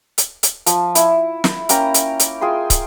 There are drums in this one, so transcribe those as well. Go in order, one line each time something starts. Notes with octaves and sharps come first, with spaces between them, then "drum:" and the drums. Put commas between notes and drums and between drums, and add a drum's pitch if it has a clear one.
drum: hi-hat
drum: hi-hat
F3, drum: hi-hat
E4, drum: hi-hat
drum: snare
A#3 C#4 G5 A#5, drum: hi-hat
drum: hi-hat
drum: hi-hat
F4 G#4 G5 C6
drum: kick, hi-hat